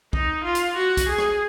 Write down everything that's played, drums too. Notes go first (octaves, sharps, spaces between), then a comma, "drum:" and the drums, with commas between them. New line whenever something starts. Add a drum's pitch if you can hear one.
D#4, drum: kick
F4
drum: hi-hat
F#4
drum: kick, hi-hat
G#4
drum: rim click